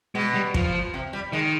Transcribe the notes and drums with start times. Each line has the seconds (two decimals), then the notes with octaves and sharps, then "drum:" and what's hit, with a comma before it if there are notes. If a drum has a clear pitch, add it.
0.15 B2 G#3
0.34 G3
0.54 F3, drum: kick
0.94 C3
1.13 G3
1.32 D#3 G#3